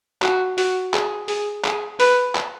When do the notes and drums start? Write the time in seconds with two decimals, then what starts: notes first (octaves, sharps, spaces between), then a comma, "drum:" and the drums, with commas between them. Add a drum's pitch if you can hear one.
0.22 F#4, drum: clap
0.58 F#4, drum: open hi-hat
0.94 G#4, drum: clap
1.28 G#4, drum: open hi-hat
1.65 G#4, drum: clap
2.00 B4, drum: open hi-hat
2.35 drum: clap